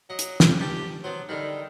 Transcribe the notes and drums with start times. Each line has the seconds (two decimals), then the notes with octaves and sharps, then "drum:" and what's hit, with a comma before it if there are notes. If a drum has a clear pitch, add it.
0.10 F#3 D#5
0.19 drum: hi-hat
0.40 G4, drum: snare
0.61 G4 A5
1.04 F#3 B3 C5
1.29 D3 D#3 G3